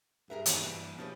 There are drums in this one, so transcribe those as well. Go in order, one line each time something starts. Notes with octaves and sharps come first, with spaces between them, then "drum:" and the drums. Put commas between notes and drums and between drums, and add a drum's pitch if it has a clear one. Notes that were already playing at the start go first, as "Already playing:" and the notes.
G2 G#4 A#4 B4 E5
G#2 D#3 E3 B3 D#4 F#4 G#5 B5, drum: hi-hat
E3 A#3 D4 F#4
B2 F3 C#4 G4 B4